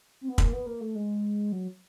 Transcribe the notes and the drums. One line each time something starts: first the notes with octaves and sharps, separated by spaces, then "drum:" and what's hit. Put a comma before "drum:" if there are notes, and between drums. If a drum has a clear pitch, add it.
C4
B3
A#3, drum: kick
B3
A#3
A3
G#3
F#3